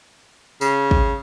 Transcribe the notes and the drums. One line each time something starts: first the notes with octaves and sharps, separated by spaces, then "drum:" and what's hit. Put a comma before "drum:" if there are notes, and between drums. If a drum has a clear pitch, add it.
C#3, drum: tambourine
drum: kick